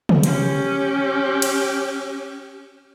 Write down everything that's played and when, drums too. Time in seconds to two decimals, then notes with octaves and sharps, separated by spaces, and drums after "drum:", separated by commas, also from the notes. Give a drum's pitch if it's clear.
0.09 drum: tom
0.23 C#4 G4, drum: hi-hat
1.42 drum: cymbal